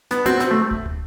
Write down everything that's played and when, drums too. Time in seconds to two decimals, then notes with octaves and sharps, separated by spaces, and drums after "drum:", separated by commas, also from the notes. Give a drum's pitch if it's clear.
0.11 B3 D4, drum: snare
0.26 C4 F#4, drum: hi-hat
0.40 C3 C4, drum: snare
0.51 A3
0.71 drum: kick D#1
0.86 drum: tom